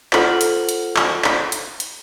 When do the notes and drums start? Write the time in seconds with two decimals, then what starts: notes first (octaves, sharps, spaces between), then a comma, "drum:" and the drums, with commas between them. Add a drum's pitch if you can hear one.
0.13 F4 A4 C5 F#5 F6 F#7, drum: clap
0.41 drum: hi-hat
0.69 drum: hi-hat
0.96 drum: clap
1.24 drum: clap
1.52 drum: hi-hat
1.80 drum: hi-hat